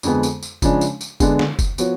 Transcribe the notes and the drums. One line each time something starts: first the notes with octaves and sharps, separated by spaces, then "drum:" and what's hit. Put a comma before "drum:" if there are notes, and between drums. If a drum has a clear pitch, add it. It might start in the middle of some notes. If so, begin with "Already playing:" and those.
F2 D3 G#3 B3, drum: tambourine
drum: tambourine
drum: tambourine
C#3 F3 G#3 D4, drum: kick F#1, tambourine
drum: tambourine
drum: tambourine
D3 G#3 B3 D4, drum: kick F#1, tambourine
drum: snare
drum: kick F#1, tambourine
F3 B3 F#4 C#5, drum: tambourine